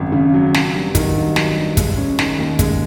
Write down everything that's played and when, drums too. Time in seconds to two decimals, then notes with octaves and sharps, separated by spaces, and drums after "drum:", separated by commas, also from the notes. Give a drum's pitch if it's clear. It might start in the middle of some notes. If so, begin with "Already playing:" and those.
Already playing: G#1 F#2 C#3 F#3
0.12 C#3
0.34 F#3
0.54 F#3, drum: snare
0.75 G2
0.95 D#3, drum: kick, hi-hat
1.15 G2
1.36 F#3, drum: snare
1.57 G2
1.77 G#3, drum: kick, hi-hat
1.97 C#4
2.19 D#3, drum: snare
2.38 D#2
2.59 G#3, drum: kick, hi-hat